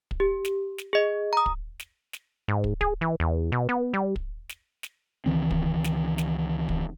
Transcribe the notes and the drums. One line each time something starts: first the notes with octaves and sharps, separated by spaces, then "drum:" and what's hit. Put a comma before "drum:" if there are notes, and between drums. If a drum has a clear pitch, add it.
drum: kick
G4
drum: snare
drum: snare
G#4 D#5
A#5 D#6
drum: kick
drum: snare
drum: snare
G#2
drum: kick
G#4, drum: kick
E3
E2
B2
B3
G3
drum: kick
drum: snare
drum: snare
C#2 D#3 E3 C4
drum: kick
drum: snare
drum: snare
drum: kick